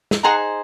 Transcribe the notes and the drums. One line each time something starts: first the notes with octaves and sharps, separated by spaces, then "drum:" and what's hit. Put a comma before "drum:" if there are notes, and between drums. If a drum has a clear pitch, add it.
drum: snare
D#4 G#4 C5 F#5 A#5